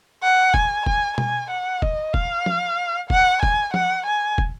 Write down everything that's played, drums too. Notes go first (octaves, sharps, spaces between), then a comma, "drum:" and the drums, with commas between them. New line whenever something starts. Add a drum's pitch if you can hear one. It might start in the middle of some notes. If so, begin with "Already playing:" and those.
F#5
G#5, drum: kick
G#5, drum: kick
G#5, drum: tom B2
F#5
D#5, drum: kick
F5, drum: kick
drum: tom F3
F#5, drum: kick
G#5, drum: kick
F#5, drum: tom F3
G#5
drum: kick